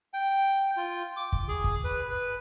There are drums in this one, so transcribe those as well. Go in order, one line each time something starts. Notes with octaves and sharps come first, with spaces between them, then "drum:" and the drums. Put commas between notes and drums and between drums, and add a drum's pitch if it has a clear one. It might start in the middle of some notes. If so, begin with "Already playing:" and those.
G5
F4
D6
drum: kick
G#4
drum: kick
B4
B4